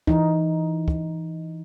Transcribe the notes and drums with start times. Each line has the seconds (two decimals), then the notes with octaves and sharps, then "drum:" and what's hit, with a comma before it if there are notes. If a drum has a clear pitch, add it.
0.07 E3 D#4, drum: kick
0.88 drum: kick